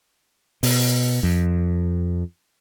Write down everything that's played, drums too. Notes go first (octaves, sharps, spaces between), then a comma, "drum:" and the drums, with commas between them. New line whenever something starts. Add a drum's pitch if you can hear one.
B2, drum: open hi-hat
F2